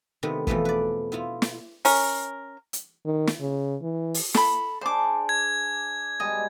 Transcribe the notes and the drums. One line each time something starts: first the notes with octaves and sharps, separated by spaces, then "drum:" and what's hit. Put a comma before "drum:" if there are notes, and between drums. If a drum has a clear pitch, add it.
C3 D#3 A3 B3
E2 B2 E3 F3 A3 B3, drum: kick
B4 D5
B3 E4 F4
drum: snare
C#4 A#4, drum: open hi-hat
drum: hi-hat
D#3
drum: snare
C#3
E3
drum: open hi-hat
A4 B5, drum: snare
D4 G#4 C5 D5 D6
G#6
B2 G3 G#3 D#5